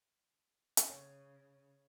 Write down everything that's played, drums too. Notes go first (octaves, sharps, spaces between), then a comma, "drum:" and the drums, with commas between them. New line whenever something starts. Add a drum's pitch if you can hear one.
drum: hi-hat
C#3 C#5